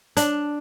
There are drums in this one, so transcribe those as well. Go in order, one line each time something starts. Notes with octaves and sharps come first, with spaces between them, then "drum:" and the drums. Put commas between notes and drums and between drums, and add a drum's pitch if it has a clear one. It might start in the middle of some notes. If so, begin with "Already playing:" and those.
D4, drum: hi-hat